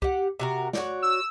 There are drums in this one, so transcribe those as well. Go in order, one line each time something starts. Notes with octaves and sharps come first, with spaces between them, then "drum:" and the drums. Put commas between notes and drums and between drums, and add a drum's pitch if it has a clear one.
G4 F#5, drum: kick
C3 F#4 A#4
F#4 C#5 D5, drum: snare
E6